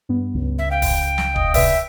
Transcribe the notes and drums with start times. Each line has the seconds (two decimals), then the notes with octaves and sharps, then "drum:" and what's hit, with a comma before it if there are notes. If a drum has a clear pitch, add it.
0.09 G2 B3
0.35 C#2
0.59 E5
0.71 F5 G5
0.82 drum: kick, open hi-hat
1.18 drum: snare
1.36 D#5, drum: kick
1.54 C3 B4 D5 E5, drum: kick, open hi-hat